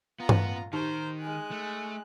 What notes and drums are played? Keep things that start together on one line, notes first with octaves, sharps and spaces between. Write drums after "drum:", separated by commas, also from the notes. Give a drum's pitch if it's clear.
B3 F4 A#5
drum: tom G2
D#3 D#4 G4 C5 A#5
G#3 G#5 F#6
A3